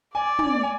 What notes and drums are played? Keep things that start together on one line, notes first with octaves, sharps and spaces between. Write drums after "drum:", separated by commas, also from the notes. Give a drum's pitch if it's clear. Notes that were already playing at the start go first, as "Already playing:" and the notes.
D5 G#5
G#5, drum: tom
G#5